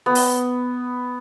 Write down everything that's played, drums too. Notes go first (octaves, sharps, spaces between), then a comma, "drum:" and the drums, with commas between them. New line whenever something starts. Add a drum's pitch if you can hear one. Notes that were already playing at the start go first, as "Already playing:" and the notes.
B3
drum: open hi-hat